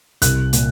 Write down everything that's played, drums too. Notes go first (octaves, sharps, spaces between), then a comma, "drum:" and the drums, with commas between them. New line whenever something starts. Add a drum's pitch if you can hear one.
C2 F#6, drum: hi-hat
A#2, drum: hi-hat